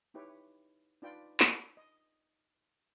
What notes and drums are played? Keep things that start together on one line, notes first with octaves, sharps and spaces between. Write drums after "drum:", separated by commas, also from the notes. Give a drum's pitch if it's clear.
D#4 E4 G4 B4 C#5
D4 D#4 F4 B4 D5 G5
drum: clap
D#5